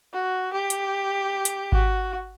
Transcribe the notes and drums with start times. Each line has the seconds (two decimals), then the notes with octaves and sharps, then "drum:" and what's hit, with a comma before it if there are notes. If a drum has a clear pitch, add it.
0.13 F#4
0.53 G4
0.70 drum: hi-hat
1.45 drum: hi-hat
1.72 F#4, drum: kick G#1